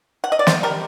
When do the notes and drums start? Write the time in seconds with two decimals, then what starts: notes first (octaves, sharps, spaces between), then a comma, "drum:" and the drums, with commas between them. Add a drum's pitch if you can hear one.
0.24 F#5
0.32 D#5
0.39 D5
0.47 D#3 C5, drum: snare
0.63 G3 A#4